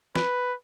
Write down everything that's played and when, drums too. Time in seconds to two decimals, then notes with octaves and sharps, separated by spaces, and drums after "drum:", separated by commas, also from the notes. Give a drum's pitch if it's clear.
0.15 B4, drum: snare